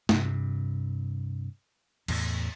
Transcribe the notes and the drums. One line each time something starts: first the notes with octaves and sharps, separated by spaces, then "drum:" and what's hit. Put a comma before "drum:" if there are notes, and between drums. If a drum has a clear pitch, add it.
G2 C3, drum: snare
E2 A2, drum: cymbal